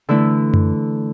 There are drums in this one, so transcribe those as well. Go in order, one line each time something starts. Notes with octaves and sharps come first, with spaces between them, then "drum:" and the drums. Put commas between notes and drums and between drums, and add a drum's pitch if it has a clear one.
D3 E3 A3 E4
drum: tom F#2